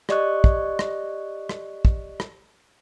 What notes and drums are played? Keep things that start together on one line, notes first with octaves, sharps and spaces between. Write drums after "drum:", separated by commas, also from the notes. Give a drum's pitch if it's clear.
G4 D5 D#5 C#6 F#6, drum: rim click
drum: kick
drum: rim click
drum: rim click
drum: kick
drum: rim click